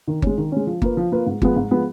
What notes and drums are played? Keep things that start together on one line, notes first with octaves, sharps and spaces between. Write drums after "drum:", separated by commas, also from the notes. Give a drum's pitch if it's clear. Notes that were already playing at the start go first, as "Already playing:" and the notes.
D#3
G#3 C#4, drum: kick G1
D#3
G#3 C#4
F3
A#3 F4 B4, drum: kick G1
F3
A#3 F4 B4
G#2
F3 G#3 B3, drum: kick G1
G#2
F3 G#3 B3